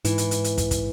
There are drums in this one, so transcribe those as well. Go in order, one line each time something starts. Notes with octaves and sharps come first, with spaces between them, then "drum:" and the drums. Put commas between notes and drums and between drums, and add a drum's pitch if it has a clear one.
G#2 E3, drum: hi-hat
drum: hi-hat
drum: hi-hat
drum: hi-hat
drum: kick, hi-hat
drum: kick, hi-hat